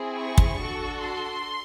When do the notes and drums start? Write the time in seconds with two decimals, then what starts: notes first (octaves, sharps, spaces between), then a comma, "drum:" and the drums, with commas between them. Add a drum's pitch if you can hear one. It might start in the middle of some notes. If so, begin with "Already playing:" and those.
Already playing: C4 E4 G#4
0.16 C#6
0.38 drum: kick
0.59 D4 F#4 A4
1.01 C6